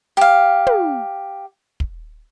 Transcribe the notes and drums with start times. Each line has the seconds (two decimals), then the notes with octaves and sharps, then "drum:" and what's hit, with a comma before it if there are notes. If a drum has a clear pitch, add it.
0.17 G4 F5
0.67 drum: tom
1.80 drum: kick